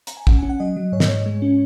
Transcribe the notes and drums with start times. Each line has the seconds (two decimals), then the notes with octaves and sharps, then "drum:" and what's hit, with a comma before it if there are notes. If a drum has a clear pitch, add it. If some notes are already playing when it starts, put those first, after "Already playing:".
0.07 A#5, drum: hi-hat
0.17 G#5
0.27 C#4 F#5, drum: kick
0.39 C#4 G#5
0.49 F#5
0.60 F#3 D#5
0.76 F#3
0.92 G#2 C#5
1.00 D#5, drum: snare
1.08 G#2 C#5
1.26 G#3
1.42 C#4